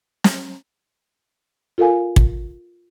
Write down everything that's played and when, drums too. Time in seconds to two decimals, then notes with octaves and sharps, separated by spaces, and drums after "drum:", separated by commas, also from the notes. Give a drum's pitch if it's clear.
0.24 drum: snare
1.78 F4 A4 A#4 F5 G#5
2.16 drum: kick